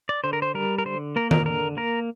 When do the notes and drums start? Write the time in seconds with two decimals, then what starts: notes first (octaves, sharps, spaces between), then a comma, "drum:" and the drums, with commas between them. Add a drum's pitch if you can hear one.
0.09 D5
0.24 D3 C5
0.33 A#4
0.42 C5
0.54 G3 A#4
0.78 A#4
0.85 D3 C5
1.16 A#3 A#4
1.31 A#4, drum: tom D#3
1.46 D3 A#4
1.77 A#3 A#4